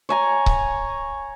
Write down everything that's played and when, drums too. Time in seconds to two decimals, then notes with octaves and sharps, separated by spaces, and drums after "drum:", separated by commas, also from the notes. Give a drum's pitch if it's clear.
0.09 C#5 G#5 A#5
0.46 drum: kick C#1